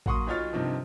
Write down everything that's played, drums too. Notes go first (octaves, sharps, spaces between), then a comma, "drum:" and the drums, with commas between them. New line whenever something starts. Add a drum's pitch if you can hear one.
F#3 A#3 F#5 C6 C#6 D#6, drum: kick A1
B1 F#3 F4 C#5 F6 A6
G2 C3 D#3 F3